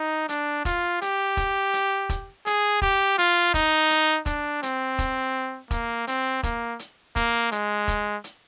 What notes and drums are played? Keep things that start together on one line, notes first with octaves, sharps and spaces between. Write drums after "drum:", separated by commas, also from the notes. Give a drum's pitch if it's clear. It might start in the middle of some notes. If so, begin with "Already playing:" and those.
Already playing: D#4
D4, drum: hi-hat
F4, drum: kick E1, hi-hat
G4, drum: hi-hat
drum: kick E1, hi-hat
drum: hi-hat
drum: kick E1, hi-hat
G#4, drum: hi-hat
G4, drum: kick E1
F4, drum: hi-hat
D#4, drum: kick E1, hi-hat
drum: hi-hat
D4, drum: kick E1, hi-hat
C4, drum: hi-hat
drum: kick E1, hi-hat
A#3, drum: kick E1, hi-hat
C4, drum: hi-hat
A#3, drum: kick E1, hi-hat
drum: hi-hat
A#3, drum: kick E1, hi-hat
G#3, drum: hi-hat
drum: kick E1, hi-hat
drum: hi-hat